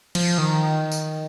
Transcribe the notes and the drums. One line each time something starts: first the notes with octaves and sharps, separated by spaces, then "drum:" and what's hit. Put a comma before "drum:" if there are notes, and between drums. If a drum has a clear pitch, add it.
F3, drum: cymbal
D#3
drum: tambourine